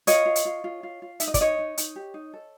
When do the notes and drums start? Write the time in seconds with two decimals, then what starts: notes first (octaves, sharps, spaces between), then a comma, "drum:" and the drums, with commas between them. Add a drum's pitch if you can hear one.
0.07 F4 C#5 D#5, drum: hi-hat
0.26 F4
0.36 drum: hi-hat
0.45 F4
0.64 F4
0.83 F4
1.02 F4
1.20 D#4 E5, drum: hi-hat
1.28 D#5
1.34 D5, drum: kick, hi-hat
1.40 D#4 C#5 D#5
1.59 D#4
1.78 D#4, drum: hi-hat
1.96 G4
2.14 D#4
2.33 A4